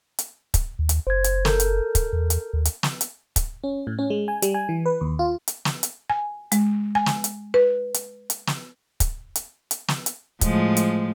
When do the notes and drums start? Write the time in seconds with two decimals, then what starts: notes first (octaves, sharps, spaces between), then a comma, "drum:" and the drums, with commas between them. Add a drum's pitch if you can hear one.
0.19 drum: hi-hat
0.54 drum: kick, hi-hat
0.79 D#2
0.89 drum: hi-hat
1.07 F#1 C5 G#6
1.24 drum: hi-hat
1.45 A4 A#4 G6, drum: snare
1.60 drum: hi-hat
1.95 drum: kick, hi-hat
2.13 E2
2.30 drum: hi-hat
2.53 D#2
2.65 drum: hi-hat
2.83 drum: snare
3.01 drum: hi-hat
3.36 drum: kick, hi-hat
3.64 C#4
3.87 A2
3.99 C#4
4.10 G#3
4.28 G#5
4.42 G3, drum: hi-hat
4.54 G#5
4.69 E3
4.86 B4
5.01 D#2
5.19 F4
5.48 drum: hi-hat
5.65 drum: snare
5.83 drum: hi-hat
6.10 G#5
6.52 G#3, drum: hi-hat
6.95 G#5
7.06 drum: snare
7.24 drum: hi-hat
7.54 B4
7.94 drum: hi-hat
8.30 drum: hi-hat
8.47 drum: snare
9.00 drum: kick, hi-hat
9.36 drum: hi-hat
9.71 drum: hi-hat
9.88 drum: snare
10.06 drum: hi-hat
10.41 A2 F3 G#3, drum: kick, hi-hat
10.77 drum: hi-hat